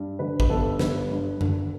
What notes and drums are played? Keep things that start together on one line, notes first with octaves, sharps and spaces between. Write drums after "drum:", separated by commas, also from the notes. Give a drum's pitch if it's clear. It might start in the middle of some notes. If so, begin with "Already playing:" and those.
Already playing: G2
D3 B4
B4, drum: kick
G1 A4
G1 B4, drum: snare
G2
D3, drum: tom F#2